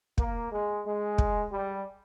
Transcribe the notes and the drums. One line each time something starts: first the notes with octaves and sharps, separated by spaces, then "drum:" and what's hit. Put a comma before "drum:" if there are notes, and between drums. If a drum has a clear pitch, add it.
A#3, drum: kick
G#3
G#3
drum: kick
G3